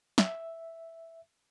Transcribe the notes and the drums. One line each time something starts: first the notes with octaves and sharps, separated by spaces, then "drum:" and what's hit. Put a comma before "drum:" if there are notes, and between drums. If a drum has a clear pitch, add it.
E5, drum: snare